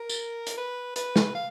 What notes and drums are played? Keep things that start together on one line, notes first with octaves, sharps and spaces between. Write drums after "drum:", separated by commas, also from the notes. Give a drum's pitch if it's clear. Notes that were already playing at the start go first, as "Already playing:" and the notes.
Already playing: A#4
drum: tambourine
drum: hi-hat
B4
B4, drum: hi-hat
drum: snare
F5